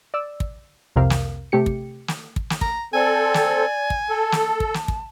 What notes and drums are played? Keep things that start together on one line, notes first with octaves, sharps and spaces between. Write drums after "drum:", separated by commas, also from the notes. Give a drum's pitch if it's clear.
D5 E6
drum: kick
C2 F2 C3 A#4 F5
drum: snare
C3 A3 G4 C#7
drum: kick
drum: snare
drum: kick
drum: snare
A#5, drum: kick
C4 A4 D5 G#5
drum: snare
drum: kick
A4 A5
drum: snare
drum: kick
drum: snare
drum: kick